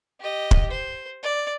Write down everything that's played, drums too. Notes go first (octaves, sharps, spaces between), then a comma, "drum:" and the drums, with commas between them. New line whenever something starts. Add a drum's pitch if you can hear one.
G4 D#5
drum: kick
C5
D5